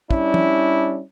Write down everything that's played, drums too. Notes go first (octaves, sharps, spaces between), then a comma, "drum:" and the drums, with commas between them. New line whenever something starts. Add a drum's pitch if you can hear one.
G3 C#4 D4 E4, drum: kick
drum: tom